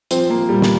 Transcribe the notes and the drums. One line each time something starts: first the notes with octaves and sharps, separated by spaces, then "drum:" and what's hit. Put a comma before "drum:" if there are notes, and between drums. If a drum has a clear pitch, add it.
F3 C4, drum: hi-hat
F3 A#3
A#2 G3
drum: snare